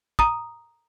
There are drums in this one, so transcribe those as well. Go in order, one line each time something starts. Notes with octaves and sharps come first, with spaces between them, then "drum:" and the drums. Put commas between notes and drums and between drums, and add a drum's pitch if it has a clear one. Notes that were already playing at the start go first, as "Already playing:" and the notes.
A#5 D#6, drum: kick